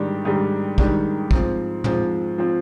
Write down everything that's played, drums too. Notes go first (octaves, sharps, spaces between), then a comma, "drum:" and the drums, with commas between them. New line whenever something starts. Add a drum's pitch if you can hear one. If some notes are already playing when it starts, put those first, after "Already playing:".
Already playing: G#2 D#3 G3 D4 G4
G#2 D#3 G3 D4 G4
G#2 D#3 G3 D4 G4, drum: kick
G#2 F3 C4, drum: kick
G#2 F3 C4, drum: tom
F3 C4